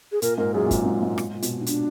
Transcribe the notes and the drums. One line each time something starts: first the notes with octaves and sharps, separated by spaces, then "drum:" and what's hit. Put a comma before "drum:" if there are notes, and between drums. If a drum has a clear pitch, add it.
G#4
A#2 A#4, drum: hi-hat
G#2 A#4
F#2 G#4
A#2
G#2, drum: kick, hi-hat
F#2
G#2
G#2
G#2, drum: rim click
A#2
B2, drum: hi-hat
D#4
D4, drum: hi-hat